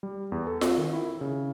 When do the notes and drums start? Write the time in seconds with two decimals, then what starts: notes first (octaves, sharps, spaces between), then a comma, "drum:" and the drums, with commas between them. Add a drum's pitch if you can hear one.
0.03 G3
0.32 E2
0.47 A4
0.61 C4, drum: snare F4
0.78 D#3
0.93 E4
1.21 C#3